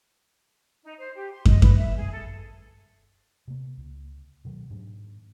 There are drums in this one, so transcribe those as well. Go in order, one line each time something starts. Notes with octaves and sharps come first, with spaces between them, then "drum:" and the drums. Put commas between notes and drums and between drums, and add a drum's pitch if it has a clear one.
D#4
C5
G4
C6
D#5, drum: kick
B4, drum: kick
E5
G#4
A4
C3 A#3
C#2
B2 D#3 F#3
G#2 F#3 A#3 D4